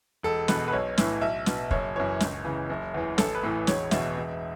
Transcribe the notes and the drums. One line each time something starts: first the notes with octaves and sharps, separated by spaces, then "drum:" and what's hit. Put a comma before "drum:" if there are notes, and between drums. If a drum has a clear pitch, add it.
E1 A4
E2 B2 B4, drum: snare
B4
B1 C#5
A2 E3, drum: snare
B1 E5
B2, drum: snare
F#1 C#5, drum: kick
F#2 E3 C#5
C#2, drum: snare
C#3 E3
F#1
E2 E3
A1 A4, drum: snare
B4
A2 E3
E1 C#5, drum: snare
E2 B2 E5, drum: snare
E1